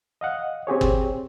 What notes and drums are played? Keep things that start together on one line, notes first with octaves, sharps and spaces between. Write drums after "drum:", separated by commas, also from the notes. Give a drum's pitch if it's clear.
D#5 F5 F#5
C4 G4 G#4 C#5
drum: kick